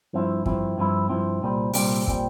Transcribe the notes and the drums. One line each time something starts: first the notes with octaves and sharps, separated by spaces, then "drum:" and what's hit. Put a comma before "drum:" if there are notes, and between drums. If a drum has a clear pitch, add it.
G2 F3 C4 E4
G2 F3 C4 E4, drum: kick
G2 F3 C4 E4
G2 F3 C4 E4
C2 A#2 G3 C4
C2 A#2 G3 C4, drum: open hi-hat
A#2 G3 C4, drum: kick